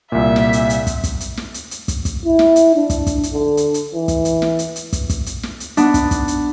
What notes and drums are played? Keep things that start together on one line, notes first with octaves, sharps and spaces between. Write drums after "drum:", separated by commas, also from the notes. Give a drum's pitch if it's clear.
C2 A#2 E5
drum: snare
drum: hi-hat
drum: hi-hat
drum: kick, hi-hat
drum: kick, hi-hat
drum: hi-hat
drum: snare
drum: hi-hat
drum: hi-hat
drum: kick, hi-hat
drum: kick, hi-hat
E4
drum: snare
drum: hi-hat
D4
drum: kick, hi-hat
drum: kick, hi-hat
drum: hi-hat
D3
drum: hi-hat
drum: hi-hat
E3
drum: kick, hi-hat
drum: hi-hat
drum: snare
drum: hi-hat
drum: hi-hat
drum: kick, hi-hat
drum: kick, hi-hat
drum: hi-hat
drum: snare
drum: hi-hat
B3 D4, drum: hi-hat
drum: kick, hi-hat
drum: kick, hi-hat
drum: hi-hat